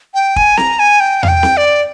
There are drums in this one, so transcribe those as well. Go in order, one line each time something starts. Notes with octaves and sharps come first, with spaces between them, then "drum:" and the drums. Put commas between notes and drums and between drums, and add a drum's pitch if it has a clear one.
G5
G#5, drum: kick
A#5, drum: snare C4
G#5
G5
F5, drum: tom E2
G5
drum: snare C4
D5